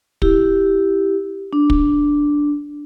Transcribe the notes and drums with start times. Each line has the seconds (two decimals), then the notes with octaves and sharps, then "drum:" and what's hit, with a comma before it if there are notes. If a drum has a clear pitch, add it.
0.22 E4 G4, drum: kick
1.53 D4
1.70 drum: kick